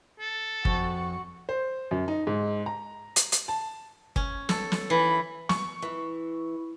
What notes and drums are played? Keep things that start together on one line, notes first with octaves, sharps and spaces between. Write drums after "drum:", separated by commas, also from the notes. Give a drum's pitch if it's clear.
A4
F2 F#4 C#6, drum: kick G1
C5
F#2
D#4
G#2
A#5
drum: hi-hat
drum: hi-hat
A5
C#4, drum: kick G1
A4, drum: snare
drum: snare
E3 B5
C#6, drum: snare
E3